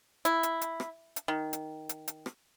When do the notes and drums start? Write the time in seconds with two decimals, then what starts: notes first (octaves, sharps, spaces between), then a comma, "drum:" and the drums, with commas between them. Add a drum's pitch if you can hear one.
0.25 E4, drum: hi-hat
0.43 drum: hi-hat
0.61 drum: hi-hat
0.80 drum: rim click
1.16 drum: hi-hat
1.28 D#3
1.53 drum: hi-hat
1.89 drum: hi-hat
2.08 drum: hi-hat
2.26 drum: rim click